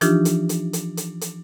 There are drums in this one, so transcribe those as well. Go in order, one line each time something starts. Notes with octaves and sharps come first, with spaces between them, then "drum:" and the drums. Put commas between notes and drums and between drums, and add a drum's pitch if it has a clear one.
E3 F3 D4 D#4 F4 G4, drum: hi-hat
drum: hi-hat
drum: hi-hat
drum: hi-hat
drum: hi-hat
drum: hi-hat